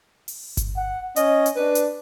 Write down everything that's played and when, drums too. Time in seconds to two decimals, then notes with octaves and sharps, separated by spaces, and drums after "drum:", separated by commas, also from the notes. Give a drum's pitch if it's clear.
0.28 drum: open hi-hat
0.57 drum: kick G1, hi-hat
0.77 F#5
1.16 C#4 D#5, drum: hi-hat
1.46 drum: hi-hat
1.56 D4 B4
1.75 drum: hi-hat